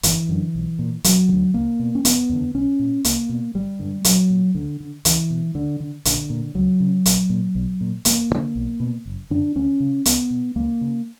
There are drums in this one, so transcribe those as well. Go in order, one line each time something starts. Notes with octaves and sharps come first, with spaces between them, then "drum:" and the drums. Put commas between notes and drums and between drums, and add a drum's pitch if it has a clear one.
G1 E3, drum: hi-hat
F#2 D3
B1
A#2
E1 F#3, drum: hi-hat
D3
D2
C#2 A#3
B2
C#4
E1 B3, drum: hi-hat
E2 D3
B1 C#4
A#2
C#2 A#3, drum: hi-hat
B2
G1 G3
G2 D3
A#1 F#3, drum: hi-hat
A#2
D2 D3
D3
C#2 E3, drum: hi-hat
B2
D2 D3
D3
A#1 D3, drum: hi-hat
A#2
C#2 F#3
C#3
A#1, drum: hi-hat
A#2
B1
A#2
E1 A#3, drum: hi-hat
D2
D3
B1
B2
F#1
F#2 D3 D4
D2 C#4
C#3
C#2 B3, drum: hi-hat
B2
C#2 A#3
C#3